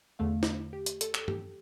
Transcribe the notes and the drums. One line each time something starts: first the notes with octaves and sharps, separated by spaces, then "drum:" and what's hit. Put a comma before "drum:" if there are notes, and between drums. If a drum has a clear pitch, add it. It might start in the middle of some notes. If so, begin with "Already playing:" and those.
E2 D3 A3 F5
drum: snare
G4
drum: hi-hat
A4, drum: hi-hat
drum: clap
G4, drum: tom G2